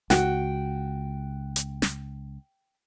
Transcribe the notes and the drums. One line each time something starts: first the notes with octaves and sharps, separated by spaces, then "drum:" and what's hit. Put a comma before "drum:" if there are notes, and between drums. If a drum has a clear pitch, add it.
C#2 F#4 F#5 G5, drum: snare
drum: hi-hat
drum: snare